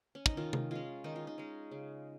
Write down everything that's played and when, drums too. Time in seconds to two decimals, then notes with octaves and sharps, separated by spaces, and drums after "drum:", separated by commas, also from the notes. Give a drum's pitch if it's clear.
0.15 C#4
0.26 D#4, drum: kick
0.37 D#3 F4
0.53 drum: tom C3
0.71 G#3 C#4 F4
1.04 D#3 D#4
1.16 F4
1.27 D#4
1.38 G#3 C#4
1.71 C#3